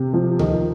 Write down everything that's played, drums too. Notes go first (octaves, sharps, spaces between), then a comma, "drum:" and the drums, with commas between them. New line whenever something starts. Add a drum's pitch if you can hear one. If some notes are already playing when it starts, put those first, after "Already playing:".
Already playing: C3
F3
D#3, drum: tom C#2